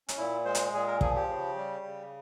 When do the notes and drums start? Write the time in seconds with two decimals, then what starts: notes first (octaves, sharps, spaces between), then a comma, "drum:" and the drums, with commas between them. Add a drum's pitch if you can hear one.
0.09 C#4, drum: hi-hat
0.18 A#2 E4
0.45 G#3 C5
0.55 drum: hi-hat
0.73 A#2 G#4
0.88 A#4
1.01 F3 G#4, drum: kick
1.15 G4
1.29 C#3
1.57 G3
1.85 C#3